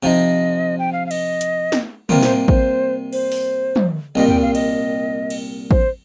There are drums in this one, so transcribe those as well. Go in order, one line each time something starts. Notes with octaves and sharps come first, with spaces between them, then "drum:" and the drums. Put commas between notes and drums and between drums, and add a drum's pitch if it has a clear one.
C3 F3 D#4 D#5 F5
G5
F5
F5
D#5, drum: cymbal
drum: hi-hat
drum: snare
C3 G3 A#3 F4 A#4, drum: tom
C5, drum: snare
C5, drum: kick A1
C5, drum: cymbal
drum: open hi-hat
drum: tom
C2 A#2 G3 D#5
G5, drum: tom
F5
D#5, drum: cymbal
drum: cymbal
C5, drum: kick A1